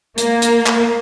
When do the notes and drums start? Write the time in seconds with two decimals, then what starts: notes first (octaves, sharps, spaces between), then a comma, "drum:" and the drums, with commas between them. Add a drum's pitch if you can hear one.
0.18 A#3, drum: hi-hat
0.42 drum: hi-hat
0.66 drum: clap